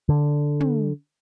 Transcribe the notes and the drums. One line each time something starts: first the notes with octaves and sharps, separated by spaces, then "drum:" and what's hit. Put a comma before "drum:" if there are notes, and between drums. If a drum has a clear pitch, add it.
D3
drum: tom